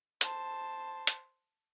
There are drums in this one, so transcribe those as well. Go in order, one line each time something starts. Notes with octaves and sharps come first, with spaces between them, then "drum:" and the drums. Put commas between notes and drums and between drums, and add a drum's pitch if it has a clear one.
C5 A5, drum: hi-hat
drum: hi-hat